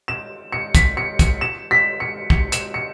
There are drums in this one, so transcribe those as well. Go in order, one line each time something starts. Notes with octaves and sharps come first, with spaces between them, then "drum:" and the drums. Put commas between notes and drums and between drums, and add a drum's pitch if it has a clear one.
E7
C#7
B6, drum: kick, hi-hat
C#7
C#7, drum: kick, hi-hat
E7
B6
C#7
C#7, drum: kick
E7, drum: hi-hat
C#7